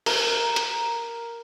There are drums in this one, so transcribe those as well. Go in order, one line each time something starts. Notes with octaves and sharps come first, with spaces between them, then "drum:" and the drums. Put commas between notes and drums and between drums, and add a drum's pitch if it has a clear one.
A#4, drum: open hi-hat
drum: hi-hat